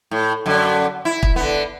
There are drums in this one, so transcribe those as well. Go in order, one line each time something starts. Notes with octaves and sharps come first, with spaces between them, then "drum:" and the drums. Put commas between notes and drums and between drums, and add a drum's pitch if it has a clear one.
A2
F#2 D3
E4
drum: kick
D3 B3